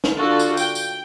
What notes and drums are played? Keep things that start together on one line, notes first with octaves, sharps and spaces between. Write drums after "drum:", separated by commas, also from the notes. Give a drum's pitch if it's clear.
drum: snare
D3 F4 F#4 A4
drum: tambourine
G5, drum: tambourine
drum: tambourine